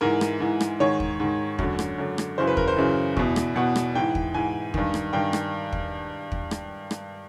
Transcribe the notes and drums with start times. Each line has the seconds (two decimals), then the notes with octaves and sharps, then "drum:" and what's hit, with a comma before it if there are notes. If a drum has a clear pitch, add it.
0.01 G#2 E3 A#4
0.21 drum: rim click
0.40 G#2 E3
0.61 drum: rim click
0.80 G#2 D#3 C#5
1.00 drum: kick
1.20 G#2 D#3
1.59 F#2 D3, drum: kick
1.79 drum: rim click
1.98 F#2 D3
2.18 drum: rim click
2.38 F#2 C#3 E3 C5
2.47 B4
2.57 A#4, drum: kick
2.68 C5
2.77 F#2 C#3 E3
3.17 E2 B2, drum: kick
3.36 drum: rim click
3.55 E2 B2 F#5
3.76 drum: rim click
3.95 G#2 E3 G5
4.15 drum: kick
4.34 G#2 E3 G#5
4.74 G2 D#3, drum: kick
4.94 drum: rim click
5.13 G2 D#3 G5
5.33 drum: rim click
5.72 drum: kick
6.32 drum: kick
6.51 drum: rim click
6.91 drum: rim click